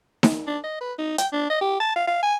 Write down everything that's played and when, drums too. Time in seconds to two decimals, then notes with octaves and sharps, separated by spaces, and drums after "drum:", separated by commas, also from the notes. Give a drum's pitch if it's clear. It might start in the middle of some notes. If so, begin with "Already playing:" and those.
0.23 drum: snare D#4
0.47 D4
0.63 D#5
0.81 B4
0.98 D#4
1.18 G5, drum: hi-hat
1.32 D4
1.50 D#5
1.61 G4
1.80 A5
1.96 F5
2.07 F5
2.23 G#5